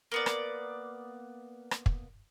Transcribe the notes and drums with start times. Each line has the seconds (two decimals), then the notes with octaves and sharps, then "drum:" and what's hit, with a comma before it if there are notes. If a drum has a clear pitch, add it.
0.12 A#3 B3 D5
0.26 drum: rim click
1.71 drum: rim click
1.86 drum: kick